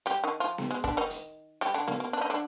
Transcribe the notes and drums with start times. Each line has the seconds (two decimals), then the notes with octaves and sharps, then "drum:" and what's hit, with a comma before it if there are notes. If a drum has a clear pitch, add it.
0.06 G3 G4, drum: hi-hat
0.24 D#3 D#4
0.40 F3 F4
0.58 drum: snare B3
0.71 G#3
0.84 D3 D4, drum: kick
0.97 D#3 D#4
1.10 drum: hi-hat
1.61 G3 G4, drum: hi-hat
1.74 D3 D4
1.88 A#3, drum: snare B3
2.00 A#3
2.13 D4
2.21 D#4
2.30 D3 D4